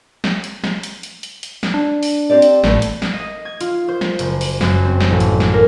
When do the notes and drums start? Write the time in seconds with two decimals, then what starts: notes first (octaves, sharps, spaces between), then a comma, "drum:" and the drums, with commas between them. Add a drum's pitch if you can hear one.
0.24 drum: snare
0.44 drum: hi-hat
0.64 drum: snare
0.83 drum: hi-hat
1.03 drum: hi-hat
1.23 drum: hi-hat
1.43 drum: hi-hat
1.63 drum: snare
1.74 D4
2.03 drum: open hi-hat
2.30 C4 G4 D5
2.42 drum: hi-hat
2.64 A1 A2 A3 B3, drum: snare
2.82 drum: hi-hat
3.02 drum: snare
3.13 D#5
3.45 G#6
3.61 F4, drum: hi-hat
3.88 C5
4.01 drum: snare
4.19 F#1, drum: hi-hat
4.41 drum: open hi-hat
4.61 F#2, drum: snare
4.85 C4
5.00 drum: snare
5.11 A1
5.20 drum: hi-hat
5.40 drum: snare
5.53 A#4